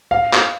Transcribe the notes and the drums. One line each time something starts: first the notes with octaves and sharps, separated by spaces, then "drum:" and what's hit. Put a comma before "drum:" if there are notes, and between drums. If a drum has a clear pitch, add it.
F5
drum: clap